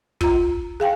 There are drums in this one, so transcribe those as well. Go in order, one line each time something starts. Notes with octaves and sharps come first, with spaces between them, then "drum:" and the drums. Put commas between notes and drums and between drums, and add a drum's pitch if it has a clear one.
F4 A#5, drum: kick
G#4 F5 G5 G#5